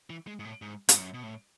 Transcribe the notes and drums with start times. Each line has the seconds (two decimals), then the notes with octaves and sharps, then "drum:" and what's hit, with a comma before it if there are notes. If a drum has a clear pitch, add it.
0.10 E3
0.27 G#3
0.39 G#2
0.45 A2
0.62 G#2
0.89 G#2, drum: hi-hat
0.98 F#2
1.14 B2
1.23 A2